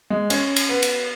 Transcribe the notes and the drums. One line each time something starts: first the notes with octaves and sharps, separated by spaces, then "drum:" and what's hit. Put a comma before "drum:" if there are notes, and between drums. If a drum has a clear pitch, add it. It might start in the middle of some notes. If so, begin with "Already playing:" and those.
G#3
C#4, drum: cymbal
drum: cymbal
B3
drum: cymbal